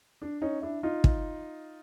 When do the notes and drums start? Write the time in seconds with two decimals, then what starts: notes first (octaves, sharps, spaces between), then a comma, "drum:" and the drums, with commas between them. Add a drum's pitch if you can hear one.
0.22 D4
0.42 C#4 D#4
0.62 D4 E4
0.83 D#4 F4
1.04 drum: kick